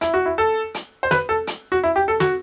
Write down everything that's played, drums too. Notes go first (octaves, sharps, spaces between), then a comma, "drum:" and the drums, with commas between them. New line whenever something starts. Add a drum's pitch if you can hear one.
E4, drum: hi-hat
F#4
E4
A4
drum: hi-hat
C5
B4, drum: snare
A4
drum: hi-hat
F#4
E4
G4
A4
F#4, drum: snare